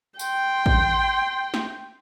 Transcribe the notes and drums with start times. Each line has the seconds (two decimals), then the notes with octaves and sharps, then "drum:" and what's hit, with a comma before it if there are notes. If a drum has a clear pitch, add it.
0.19 G5 C6, drum: tambourine
0.66 drum: kick A1
1.54 drum: snare